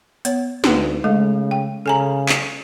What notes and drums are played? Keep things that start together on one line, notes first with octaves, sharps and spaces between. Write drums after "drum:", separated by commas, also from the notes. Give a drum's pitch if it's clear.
B3 C#5, drum: hi-hat
D2 D#4 B4, drum: snare
C#3 G#3 A3 A4
G5
C#3 A4 G#5 A#5
drum: clap